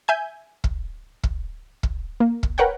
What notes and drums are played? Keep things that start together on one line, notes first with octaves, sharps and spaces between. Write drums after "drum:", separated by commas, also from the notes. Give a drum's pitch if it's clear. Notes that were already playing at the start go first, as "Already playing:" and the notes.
E5 G#5 G6
drum: kick
drum: kick
drum: kick
A#3
drum: kick
A#4 B4 C#5 F#5 G5